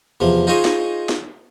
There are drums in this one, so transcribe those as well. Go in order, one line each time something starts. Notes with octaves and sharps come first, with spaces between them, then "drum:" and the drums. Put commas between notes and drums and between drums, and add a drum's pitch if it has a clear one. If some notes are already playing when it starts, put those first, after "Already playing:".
E2 C3 F3
D#4 F4 G#4 C5 C#5 D#5
drum: snare
drum: snare